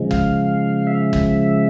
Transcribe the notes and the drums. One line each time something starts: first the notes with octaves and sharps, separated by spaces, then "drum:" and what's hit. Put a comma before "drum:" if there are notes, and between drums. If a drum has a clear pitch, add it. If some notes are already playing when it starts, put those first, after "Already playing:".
Already playing: C#3 F3 G#3
F5, drum: kick
E5
drum: kick